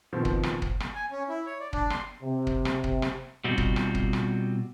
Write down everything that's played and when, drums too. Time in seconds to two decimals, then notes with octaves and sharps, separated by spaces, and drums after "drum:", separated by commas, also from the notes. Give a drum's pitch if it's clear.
0.13 B2 D#3 F3 C4
0.25 drum: kick
0.43 drum: rim click
0.62 drum: kick
0.80 drum: rim click
0.95 G#5
1.11 C#4
1.29 E4
1.46 C#5
1.60 D5
1.73 D4, drum: kick
1.90 C6, drum: rim click
2.23 C3
2.47 drum: kick
2.65 drum: rim click
2.84 drum: kick
3.02 drum: rim click
3.44 B2 G3 C4 D#4 F4 F#4
3.58 drum: kick
3.76 drum: rim click
3.95 drum: kick
4.13 drum: rim click